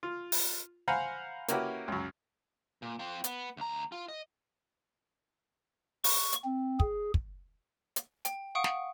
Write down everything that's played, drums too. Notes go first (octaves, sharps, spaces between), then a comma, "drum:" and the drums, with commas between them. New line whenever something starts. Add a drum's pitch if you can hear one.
F4
drum: open hi-hat
C5 F5 F#5 G#5 A#5 B5
A#3 C#4 E4 F#4 G4 B4, drum: hi-hat
C#2 F#2
A#2
C4 F4
B3, drum: hi-hat
D2 A#5
F4
D#5
C#6, drum: open hi-hat
drum: hi-hat
C4
G#4, drum: kick
drum: kick
drum: hi-hat
G5, drum: hi-hat
F5 F#5 C#6 D#6 D7
drum: snare